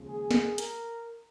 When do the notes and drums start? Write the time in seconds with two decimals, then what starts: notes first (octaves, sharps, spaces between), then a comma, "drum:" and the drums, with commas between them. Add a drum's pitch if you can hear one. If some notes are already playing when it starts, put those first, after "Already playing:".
Already playing: D#2 C#3 F3 G#3
0.08 G#4
0.31 drum: snare
0.58 A#4, drum: hi-hat